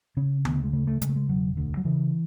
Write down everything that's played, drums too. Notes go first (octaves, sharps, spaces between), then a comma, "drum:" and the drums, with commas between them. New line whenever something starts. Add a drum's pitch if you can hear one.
C#3 C#4
D2 B3, drum: tom D3
G#3
C#3 A3
A3
C#3 G#3, drum: hi-hat
A3
G#3
E1 F#3
D2 D3
F#3
C#3 E3